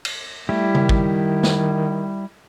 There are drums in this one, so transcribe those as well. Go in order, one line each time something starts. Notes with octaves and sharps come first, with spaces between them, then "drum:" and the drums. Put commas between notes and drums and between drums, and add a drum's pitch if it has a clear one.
drum: cymbal
G3 A3 E4 G4
D#3, drum: tom C#3
drum: kick
drum: snare